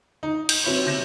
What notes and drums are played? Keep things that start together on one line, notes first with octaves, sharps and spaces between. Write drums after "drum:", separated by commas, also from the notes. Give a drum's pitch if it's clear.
D#4
G6, drum: cymbal
F#3 C4 E4 B4 C#5
C3 G6 A#6 E7